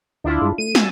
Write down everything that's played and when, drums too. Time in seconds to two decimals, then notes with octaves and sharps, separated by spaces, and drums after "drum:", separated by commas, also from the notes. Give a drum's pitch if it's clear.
0.24 D2 D4 E4 F4
0.42 G2 G#3
0.58 A3 D#7
0.75 G#5 E6 A6, drum: snare